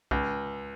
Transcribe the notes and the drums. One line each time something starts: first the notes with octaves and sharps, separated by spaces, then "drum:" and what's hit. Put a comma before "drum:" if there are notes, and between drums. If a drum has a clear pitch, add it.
C#2, drum: kick B1